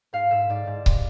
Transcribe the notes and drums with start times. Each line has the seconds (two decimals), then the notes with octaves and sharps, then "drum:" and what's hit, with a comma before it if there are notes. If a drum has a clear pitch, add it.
0.13 G#2 F5
0.31 G#2 E5
0.49 G#2 D5
0.67 G#2
0.86 C3, drum: kick C#1